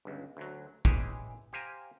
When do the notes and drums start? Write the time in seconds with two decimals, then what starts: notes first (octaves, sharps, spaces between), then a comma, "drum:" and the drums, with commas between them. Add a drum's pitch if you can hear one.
0.05 G1 C#2
0.37 D2 F#3
0.85 E3 G#3 G4 G#4 C#5 E5, drum: kick
1.53 G4 C5 F5 G#5 A#5